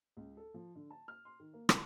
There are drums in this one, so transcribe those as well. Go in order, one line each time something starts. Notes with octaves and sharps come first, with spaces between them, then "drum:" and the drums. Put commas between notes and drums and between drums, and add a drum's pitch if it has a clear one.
C#2
A4
F3
D3
A5
F6
C6
D#3
A#3
E4, drum: rim click